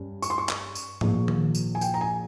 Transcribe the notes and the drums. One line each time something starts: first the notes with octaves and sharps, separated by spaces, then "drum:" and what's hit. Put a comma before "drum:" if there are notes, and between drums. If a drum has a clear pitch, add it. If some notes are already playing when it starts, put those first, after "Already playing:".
Already playing: G2 G3 C#4
C#6, drum: tambourine
C6
C#6
drum: clap
drum: tambourine
A#1 A#2 F3, drum: tom G#2
drum: tom D#3
drum: tambourine
G#5
G5, drum: tambourine
A#5
G#5